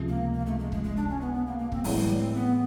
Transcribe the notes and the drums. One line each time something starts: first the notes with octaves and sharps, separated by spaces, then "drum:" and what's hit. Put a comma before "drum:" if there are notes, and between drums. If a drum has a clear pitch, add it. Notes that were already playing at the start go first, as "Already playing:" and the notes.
Already playing: C#2 C3 F3
A#3
A#3
A3
G#3
G#3, drum: kick
G#3
D4
C#4
B3
B3
A#3
A#3
C4, drum: kick
A2 E3 F#3 G#3, drum: open hi-hat
G3
C4
B3